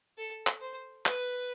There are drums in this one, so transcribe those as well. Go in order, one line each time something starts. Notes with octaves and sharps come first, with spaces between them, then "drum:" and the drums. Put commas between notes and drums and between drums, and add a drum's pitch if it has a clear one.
A4
drum: clap
C5
B4, drum: clap